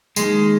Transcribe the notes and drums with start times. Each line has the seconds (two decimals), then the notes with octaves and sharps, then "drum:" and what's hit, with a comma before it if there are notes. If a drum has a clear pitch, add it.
0.16 D#2 D#3 G#3, drum: tambourine